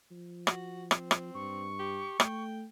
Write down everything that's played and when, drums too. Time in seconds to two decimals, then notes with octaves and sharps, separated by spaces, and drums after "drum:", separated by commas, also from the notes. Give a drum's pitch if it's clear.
0.11 F3
0.47 F#4, drum: rim click
0.91 C4, drum: rim click
1.11 drum: rim click
1.34 G2 C#6
1.79 G4
2.20 A3 G5, drum: rim click